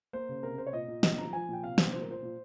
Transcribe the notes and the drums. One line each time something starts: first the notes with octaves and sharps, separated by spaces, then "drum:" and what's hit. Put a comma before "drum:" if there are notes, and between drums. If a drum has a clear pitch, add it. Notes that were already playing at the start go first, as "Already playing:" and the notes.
A#3 C5
C#3
C3 A#4
C3 C5
C#5
A#2 D#5
A#2
C#3 D#5, drum: snare
F3 A#5
F3 G#5
A#2 G5
C3 F5
C3 C5, drum: snare
A#2 C5
A#4
A#2 C5
A#2